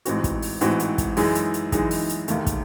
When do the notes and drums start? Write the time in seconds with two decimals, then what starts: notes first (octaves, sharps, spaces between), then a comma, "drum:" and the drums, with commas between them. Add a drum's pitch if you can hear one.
0.05 A1 G#2 E3 C4 F#4, drum: hi-hat
0.24 drum: kick, hi-hat
0.42 drum: open hi-hat
0.61 A1 G#2 E3 C4 F#4, drum: hi-hat
0.80 drum: hi-hat
0.98 drum: kick, hi-hat
1.17 F#2 E3 G#3 D#4 G#4, drum: open hi-hat
1.35 drum: hi-hat
1.54 drum: hi-hat
1.72 F#2 E3 G#3 D#4 G#4, drum: kick, hi-hat
1.91 drum: open hi-hat
2.09 drum: hi-hat
2.28 E1 D#2 D#3 A3, drum: hi-hat
2.46 drum: kick, hi-hat